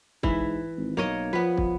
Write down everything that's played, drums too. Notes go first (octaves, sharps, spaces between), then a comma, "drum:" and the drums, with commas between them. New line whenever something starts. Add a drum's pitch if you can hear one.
G#2 E3 E4, drum: kick
G#1
B1 A#3 C#5 D#5
F3 B3 B4
drum: kick